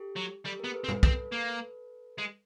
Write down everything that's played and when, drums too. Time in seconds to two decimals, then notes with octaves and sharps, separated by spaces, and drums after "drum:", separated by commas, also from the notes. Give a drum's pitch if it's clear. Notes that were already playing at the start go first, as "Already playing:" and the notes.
Already playing: G4 A4
0.16 F#3
0.45 G3 G4 A4
0.60 B3 G#4 A#4
0.74 A4 B4
0.84 C4
0.89 A4 B4, drum: tom
1.03 C4 A4 B4, drum: kick
1.32 A#3
2.18 G#3